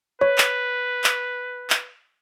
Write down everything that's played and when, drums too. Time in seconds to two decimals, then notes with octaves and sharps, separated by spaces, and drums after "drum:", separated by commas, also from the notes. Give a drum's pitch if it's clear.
0.21 B4 C#5
0.38 drum: clap
1.04 drum: clap
1.70 drum: clap